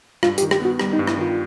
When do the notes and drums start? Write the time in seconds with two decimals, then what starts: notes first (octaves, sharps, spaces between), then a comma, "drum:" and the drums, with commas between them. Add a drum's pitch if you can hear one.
0.23 G2 F4, drum: rim click
0.38 G4, drum: hi-hat
0.43 D#3
0.51 G4, drum: rim click
0.61 B3 F#4
0.80 G3, drum: rim click
0.93 D#4
0.99 G2
1.07 E4, drum: rim click
1.18 D#3 F4